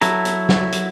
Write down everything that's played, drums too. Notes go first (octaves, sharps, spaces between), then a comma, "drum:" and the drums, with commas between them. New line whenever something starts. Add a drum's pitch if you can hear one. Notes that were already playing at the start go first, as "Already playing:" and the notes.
F#3 E4 A4 A#5, drum: hi-hat
drum: hi-hat
drum: snare
drum: hi-hat